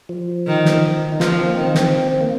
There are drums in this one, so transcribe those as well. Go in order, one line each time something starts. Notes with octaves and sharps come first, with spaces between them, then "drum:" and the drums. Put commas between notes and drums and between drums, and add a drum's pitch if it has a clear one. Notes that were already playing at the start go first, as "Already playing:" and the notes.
F3
D#3
drum: snare
D#4
F3 F4, drum: snare
C4
A#3
D#3 C4
drum: snare
A#3